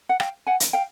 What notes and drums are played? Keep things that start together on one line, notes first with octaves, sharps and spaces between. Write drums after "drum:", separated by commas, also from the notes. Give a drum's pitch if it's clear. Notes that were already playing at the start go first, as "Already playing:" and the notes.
F#5
F5 G5, drum: rim click
F#5 G#5
drum: hi-hat
F5 G5